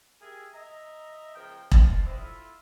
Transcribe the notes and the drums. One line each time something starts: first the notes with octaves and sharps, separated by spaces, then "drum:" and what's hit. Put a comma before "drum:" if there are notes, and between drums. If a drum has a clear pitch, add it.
G4 G#4 A#4 E5 G#5
D#5 E5 A#5
C#2 F3 A#3 G5
B2 D3 F3 D4 F4 A#4, drum: kick E1
C4 D4 E4 D5 D#5
E4 F4 A4 E5